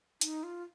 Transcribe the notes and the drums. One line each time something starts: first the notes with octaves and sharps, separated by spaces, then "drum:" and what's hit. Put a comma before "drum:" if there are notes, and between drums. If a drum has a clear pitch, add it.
D#4, drum: hi-hat
F4